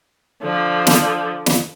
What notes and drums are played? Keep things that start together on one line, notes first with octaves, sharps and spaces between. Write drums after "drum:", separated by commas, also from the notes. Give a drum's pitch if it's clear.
D3 F3
drum: snare
drum: snare